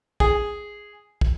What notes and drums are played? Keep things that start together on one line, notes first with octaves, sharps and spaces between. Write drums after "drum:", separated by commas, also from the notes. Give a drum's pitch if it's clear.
G#4, drum: kick
drum: kick